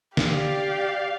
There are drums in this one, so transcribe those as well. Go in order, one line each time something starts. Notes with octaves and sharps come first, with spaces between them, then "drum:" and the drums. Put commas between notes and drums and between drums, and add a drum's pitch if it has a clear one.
G4 D5 F5, drum: snare